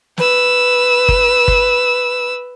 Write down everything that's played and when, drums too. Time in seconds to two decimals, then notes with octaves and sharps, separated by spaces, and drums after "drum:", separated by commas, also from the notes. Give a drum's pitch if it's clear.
0.18 B4 E6, drum: snare
1.09 drum: kick G1
1.48 drum: kick G1